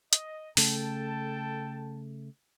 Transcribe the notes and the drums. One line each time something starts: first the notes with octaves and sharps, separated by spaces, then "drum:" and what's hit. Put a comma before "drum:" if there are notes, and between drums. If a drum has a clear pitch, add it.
D#5, drum: hi-hat
C#3 A3 A4 G5 A5, drum: open hi-hat